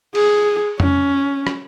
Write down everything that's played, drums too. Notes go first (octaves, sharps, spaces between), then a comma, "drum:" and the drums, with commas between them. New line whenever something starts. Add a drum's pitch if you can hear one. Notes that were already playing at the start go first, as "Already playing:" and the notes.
G#4, drum: cymbal
C#4, drum: tom F2
drum: rim click